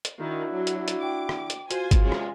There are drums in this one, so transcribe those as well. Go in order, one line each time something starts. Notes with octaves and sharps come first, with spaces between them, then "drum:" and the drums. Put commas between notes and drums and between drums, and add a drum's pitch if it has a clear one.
drum: hi-hat
D#3 D4 E4 F#4
F#3
drum: hi-hat
drum: hi-hat
G5 D6
drum: rim click
drum: hi-hat
F4 F#4 C5 G#5, drum: hi-hat
drum: kick G1, hi-hat
E2 C3 G#3 C#4
drum: rim click